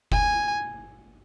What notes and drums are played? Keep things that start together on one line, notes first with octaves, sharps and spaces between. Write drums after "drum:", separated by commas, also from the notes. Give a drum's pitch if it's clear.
G#5, drum: kick F1